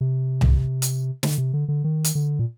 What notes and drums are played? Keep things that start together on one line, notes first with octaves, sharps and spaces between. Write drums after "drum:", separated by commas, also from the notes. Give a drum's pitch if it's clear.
C3
drum: tom C2
drum: hi-hat
D3, drum: snare
C3
D3
D3
D#3
drum: hi-hat
D3
A#2